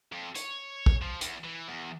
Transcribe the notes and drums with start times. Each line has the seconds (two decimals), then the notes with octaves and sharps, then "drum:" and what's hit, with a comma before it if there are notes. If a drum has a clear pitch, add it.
0.12 F2
0.35 C#5, drum: hi-hat
0.86 drum: kick
1.02 F3
1.21 E2, drum: hi-hat
1.44 E3
1.68 E2